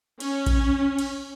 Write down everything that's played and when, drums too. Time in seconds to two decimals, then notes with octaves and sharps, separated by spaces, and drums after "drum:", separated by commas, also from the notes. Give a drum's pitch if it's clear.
0.20 C#4, drum: cymbal
0.46 drum: kick A#1, cymbal
0.99 drum: cymbal